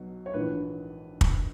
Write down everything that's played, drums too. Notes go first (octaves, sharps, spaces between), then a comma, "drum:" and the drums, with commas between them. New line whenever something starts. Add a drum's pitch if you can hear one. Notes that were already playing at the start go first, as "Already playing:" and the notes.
Already playing: B1 B2 F#3
C#5
A#1 G#2 E3 B4
drum: kick